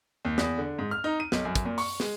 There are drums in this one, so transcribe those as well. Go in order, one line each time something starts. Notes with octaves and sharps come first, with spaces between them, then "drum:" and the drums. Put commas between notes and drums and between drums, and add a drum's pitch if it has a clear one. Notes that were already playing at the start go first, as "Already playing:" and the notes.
D#2
E2, drum: snare
D3
G#2
F6
D#4
D#7
B1, drum: snare
F#2
drum: kick, hi-hat
A#2
C#6, drum: open hi-hat
G#3, drum: snare